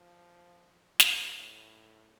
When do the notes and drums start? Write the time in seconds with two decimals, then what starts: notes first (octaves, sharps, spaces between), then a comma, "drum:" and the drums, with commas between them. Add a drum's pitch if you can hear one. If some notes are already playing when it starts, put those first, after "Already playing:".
Already playing: F3
1.00 G2, drum: snare
1.35 A2